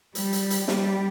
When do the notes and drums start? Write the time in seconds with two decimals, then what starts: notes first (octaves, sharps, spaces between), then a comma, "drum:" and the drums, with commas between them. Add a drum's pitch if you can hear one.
0.15 G3, drum: hi-hat
0.33 drum: hi-hat
0.50 drum: hi-hat
0.68 G3, drum: snare